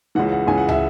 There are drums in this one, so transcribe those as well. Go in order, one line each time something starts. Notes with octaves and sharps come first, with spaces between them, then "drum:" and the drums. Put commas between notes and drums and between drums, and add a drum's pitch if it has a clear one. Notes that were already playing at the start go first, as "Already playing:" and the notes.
C#2 C#3 E3 F#5
F#5
C#2 C#3 E3 G#5
F#5
E5, drum: tom